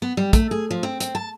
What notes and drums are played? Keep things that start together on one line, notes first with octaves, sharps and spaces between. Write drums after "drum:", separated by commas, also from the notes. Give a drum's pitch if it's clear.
B3
G3
A3, drum: kick, hi-hat
G#4
F3
C4
C4, drum: hi-hat
A5